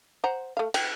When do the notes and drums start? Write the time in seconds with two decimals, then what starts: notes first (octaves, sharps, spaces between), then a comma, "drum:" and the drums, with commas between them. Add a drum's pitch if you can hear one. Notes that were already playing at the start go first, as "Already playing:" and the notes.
0.24 C5 F#5 A#5
0.57 A3 F5
0.74 G5, drum: cymbal